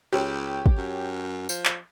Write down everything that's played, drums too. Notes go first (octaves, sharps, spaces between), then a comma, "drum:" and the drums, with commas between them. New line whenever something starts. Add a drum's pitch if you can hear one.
C#2 G4 C#5
drum: kick
F#2
F3, drum: tambourine
drum: clap